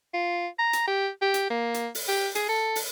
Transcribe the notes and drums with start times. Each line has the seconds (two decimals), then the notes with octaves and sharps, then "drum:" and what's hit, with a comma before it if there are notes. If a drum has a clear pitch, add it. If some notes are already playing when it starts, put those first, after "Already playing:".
0.14 F4
0.59 A#5
0.73 drum: hi-hat
0.87 G4
1.22 G4
1.34 drum: hi-hat
1.50 A#3
1.74 drum: hi-hat
1.95 drum: open hi-hat
2.08 G4
2.35 G#4, drum: hi-hat
2.49 A4
2.76 drum: open hi-hat